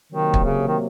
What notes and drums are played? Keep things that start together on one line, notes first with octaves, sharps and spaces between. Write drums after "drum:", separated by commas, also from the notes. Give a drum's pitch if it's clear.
C3 D#3 F#3 A#3
drum: kick
C#3
D#3